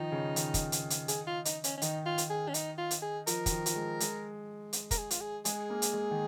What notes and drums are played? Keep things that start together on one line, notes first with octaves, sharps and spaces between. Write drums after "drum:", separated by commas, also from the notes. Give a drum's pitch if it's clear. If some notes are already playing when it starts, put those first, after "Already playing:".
Already playing: D#3 F3 D#4
C#3
D#3, drum: hi-hat
drum: kick, hi-hat
drum: hi-hat
drum: hi-hat
G#4, drum: hi-hat
F4
D#4, drum: hi-hat
C#4, drum: hi-hat
C#4
D#3 D#4, drum: hi-hat
F4
drum: hi-hat
G#4
C#4
D#4, drum: hi-hat
F4
drum: hi-hat
G#4
F3 A#4, drum: hi-hat
D#3, drum: kick, hi-hat
F3
F3, drum: hi-hat
G#3
G#3, drum: hi-hat
drum: hi-hat
A#4, drum: kick, hi-hat
G#4
F4, drum: hi-hat
G#4
G#3 G#4, drum: hi-hat
A#3
drum: hi-hat
G#3
D#3